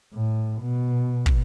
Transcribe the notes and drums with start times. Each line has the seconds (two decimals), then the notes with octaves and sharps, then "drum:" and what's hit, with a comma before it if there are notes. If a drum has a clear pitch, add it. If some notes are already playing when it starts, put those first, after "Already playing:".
0.14 A2
0.61 B2
1.26 drum: kick